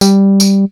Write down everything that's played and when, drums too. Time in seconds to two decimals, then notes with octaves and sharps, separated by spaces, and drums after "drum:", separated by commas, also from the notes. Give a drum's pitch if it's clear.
0.01 G3, drum: tambourine
0.40 drum: tambourine